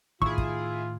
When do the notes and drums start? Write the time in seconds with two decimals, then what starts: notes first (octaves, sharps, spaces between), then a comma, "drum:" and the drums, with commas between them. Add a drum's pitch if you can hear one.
0.22 A2 D#3 E4 F4 G#4 C#6, drum: kick
0.38 drum: kick